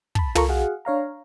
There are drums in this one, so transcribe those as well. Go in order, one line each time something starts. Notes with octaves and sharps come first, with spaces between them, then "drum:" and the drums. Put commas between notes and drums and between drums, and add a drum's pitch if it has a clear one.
A5 B5, drum: kick
F4 A4 A#4 A#5 C#6, drum: tom
F#4 G#4 F5 F#5
D4 C#5 F5 A#5